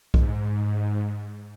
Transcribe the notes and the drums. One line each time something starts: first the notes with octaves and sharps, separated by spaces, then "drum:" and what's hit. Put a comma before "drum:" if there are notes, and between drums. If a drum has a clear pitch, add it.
G#2, drum: kick B1